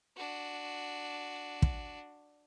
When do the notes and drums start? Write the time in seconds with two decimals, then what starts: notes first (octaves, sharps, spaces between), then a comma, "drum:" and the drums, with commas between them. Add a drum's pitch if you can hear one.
0.17 D4 F#4
1.62 drum: kick